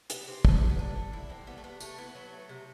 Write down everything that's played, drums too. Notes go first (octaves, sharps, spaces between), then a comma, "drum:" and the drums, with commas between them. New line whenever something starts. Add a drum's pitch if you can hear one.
C3 B3, drum: hi-hat
G3 C4
C3 D4, drum: kick
B3
C3 A3
B3
G3 D4
D3
D3 E4
D3 C4
G3 B3
A3
C3 B3
C3 A3, drum: tambourine
E3 B3
F#3 B3
A3
C3